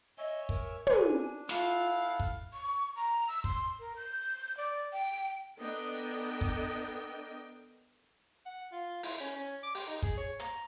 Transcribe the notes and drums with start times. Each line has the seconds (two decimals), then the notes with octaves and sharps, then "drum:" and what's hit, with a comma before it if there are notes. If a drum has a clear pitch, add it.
0.18 C#5 D#5 E5 G#5
0.49 A#4, drum: kick
0.87 D4 G#5, drum: tom
1.49 E4 F4 A4 F5 F#5, drum: snare
2.04 F6
2.20 drum: kick
2.53 C#6
2.96 A#5
3.28 E6
3.44 C6, drum: kick
3.80 A#4
3.96 G6
4.57 D5
4.93 G5
5.59 B3 D4 A4 A#4 D#5 G5
6.41 drum: kick
8.45 F#5
8.72 F4
9.03 E4, drum: open hi-hat
9.20 C#4
9.36 C#4
9.63 D6
9.75 G4, drum: open hi-hat
9.87 D#4
10.03 G#4, drum: kick
10.17 C#5
10.39 A#5, drum: hi-hat